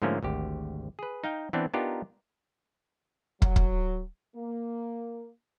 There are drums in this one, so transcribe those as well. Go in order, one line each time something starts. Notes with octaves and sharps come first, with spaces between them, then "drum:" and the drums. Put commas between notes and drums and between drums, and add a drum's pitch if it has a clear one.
G#2 D3 F3 A3 A#3 C#4
G#1 D2 G4
G#4 B4
D#4 F5 G5
E3 B3 C4 D4
B3 D4 D#4 F4 G4 A#4
F#3, drum: kick
drum: kick
A#3